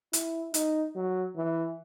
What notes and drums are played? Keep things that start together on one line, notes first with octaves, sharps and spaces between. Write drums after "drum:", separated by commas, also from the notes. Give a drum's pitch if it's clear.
E4, drum: hi-hat
D#4, drum: hi-hat
F#3
E3